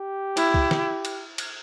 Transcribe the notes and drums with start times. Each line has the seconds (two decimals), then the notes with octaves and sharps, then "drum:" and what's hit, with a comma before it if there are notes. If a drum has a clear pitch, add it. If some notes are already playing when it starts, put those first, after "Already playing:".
Already playing: G4
0.37 E4, drum: cymbal
0.54 drum: kick
0.71 drum: snare
1.05 drum: cymbal
1.38 drum: cymbal